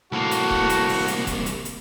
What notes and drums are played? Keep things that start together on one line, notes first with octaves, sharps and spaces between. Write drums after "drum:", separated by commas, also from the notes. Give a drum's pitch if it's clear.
C2 A2 A#3 F#4
drum: hi-hat
drum: kick D#1
drum: hi-hat
drum: open hi-hat
drum: hi-hat
drum: kick D#1, hi-hat
drum: hi-hat
drum: hi-hat